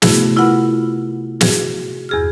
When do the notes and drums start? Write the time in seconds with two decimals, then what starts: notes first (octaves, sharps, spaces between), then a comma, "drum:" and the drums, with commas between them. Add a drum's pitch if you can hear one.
0.02 C3 A3 B3 E4 F#4 G#4, drum: snare
0.36 E4 F4 A#4 B4 F#5 B5
1.41 F#4 G#4, drum: snare
2.09 E2 G2 G#4 E6 F6